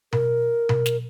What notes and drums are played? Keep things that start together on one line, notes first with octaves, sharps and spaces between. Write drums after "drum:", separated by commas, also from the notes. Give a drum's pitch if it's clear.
A#4, drum: tom B2
drum: tom B2
drum: snare